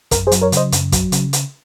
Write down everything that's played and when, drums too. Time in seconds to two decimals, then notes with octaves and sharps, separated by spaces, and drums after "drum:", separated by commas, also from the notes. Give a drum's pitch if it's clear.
0.11 F#2 A#4, drum: kick, hi-hat
0.27 G#4 C5
0.32 F#3, drum: hi-hat
0.41 A#4 C#5
0.52 C#3 C5 D#5, drum: hi-hat
0.72 F#2, drum: hi-hat
0.92 F#3, drum: kick, hi-hat
1.12 C#3, drum: hi-hat
1.33 drum: hi-hat